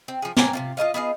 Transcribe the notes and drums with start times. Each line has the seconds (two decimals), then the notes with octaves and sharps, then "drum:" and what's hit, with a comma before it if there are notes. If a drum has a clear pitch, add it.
0.08 C4
0.22 F3 G#4
0.37 A#3 G5 G#5 A#5, drum: snare
0.53 C3 A#3 F4
0.77 F4 A4 D#5 F5
0.94 B3 D#4 F4 G#4